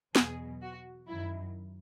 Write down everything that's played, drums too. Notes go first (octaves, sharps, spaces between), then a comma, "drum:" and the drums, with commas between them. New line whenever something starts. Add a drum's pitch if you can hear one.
E2 B2 F#3 G#4, drum: snare
F#4
F#2 D#3 F#3 E4